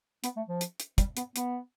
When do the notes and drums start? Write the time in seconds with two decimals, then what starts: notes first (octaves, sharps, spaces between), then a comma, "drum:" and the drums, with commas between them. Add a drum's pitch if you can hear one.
0.24 B3, drum: hi-hat
0.37 A3
0.48 F3
0.61 drum: hi-hat
0.80 drum: hi-hat
0.98 G3, drum: kick, hi-hat
1.17 B3, drum: hi-hat
1.36 B3, drum: hi-hat